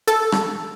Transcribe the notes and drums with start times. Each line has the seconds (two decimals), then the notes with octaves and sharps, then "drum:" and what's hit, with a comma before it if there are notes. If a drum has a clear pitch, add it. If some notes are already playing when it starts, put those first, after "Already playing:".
0.07 A4, drum: hi-hat
0.32 drum: rim click